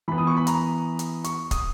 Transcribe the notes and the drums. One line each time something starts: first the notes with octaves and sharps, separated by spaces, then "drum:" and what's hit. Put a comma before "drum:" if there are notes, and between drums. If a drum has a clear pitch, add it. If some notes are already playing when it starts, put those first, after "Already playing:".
E3 B3 B5
D#6
C#6
B5
A#5, drum: hi-hat
drum: hi-hat
C#6, drum: hi-hat
D#6, drum: kick, hi-hat